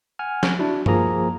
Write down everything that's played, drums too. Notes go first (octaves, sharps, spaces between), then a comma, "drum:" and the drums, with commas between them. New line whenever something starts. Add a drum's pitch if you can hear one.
F#5 G#5 F6
drum: snare
D4 E4 F#4
F3 A#3 G#4 A#5, drum: tom G2